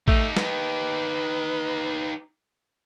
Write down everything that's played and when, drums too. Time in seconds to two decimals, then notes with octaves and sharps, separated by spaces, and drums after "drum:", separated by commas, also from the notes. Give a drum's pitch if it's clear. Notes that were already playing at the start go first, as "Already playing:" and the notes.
0.08 A3 D#4 G4, drum: kick
0.37 B4, drum: snare